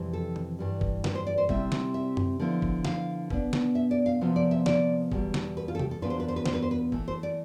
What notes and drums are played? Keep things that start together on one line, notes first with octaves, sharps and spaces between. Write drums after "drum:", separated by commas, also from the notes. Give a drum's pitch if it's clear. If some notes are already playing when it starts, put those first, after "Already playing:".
Already playing: F2 C3 E3 G3
A4
drum: tom D#3
G2 E3 G3
drum: kick
B4, drum: snare
C5
D5
C5
C3 G3 C4 E4 E5, drum: kick
drum: snare
E5
drum: tom F#2
D3 F3 B3 E4
drum: kick
F5, drum: snare
B2 B3 D4, drum: kick
drum: snare
E5
D5
F5
C3 F3 B3 F4
D5
E5
D5, drum: snare
E2 B2 G3, drum: kick
drum: snare
B4
F4
A4
G4, drum: tom C3
A4
E2 B2 B3 D4 F4 B4
C5
B4
C5
B4
C5, drum: snare
B4
C5
B4
E3 A3 E4, drum: kick
C5
D5